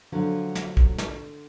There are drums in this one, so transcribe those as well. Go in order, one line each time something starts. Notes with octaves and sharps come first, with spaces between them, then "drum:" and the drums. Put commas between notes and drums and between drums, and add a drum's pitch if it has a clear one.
D3 F3 F#3
drum: snare
drum: kick
drum: snare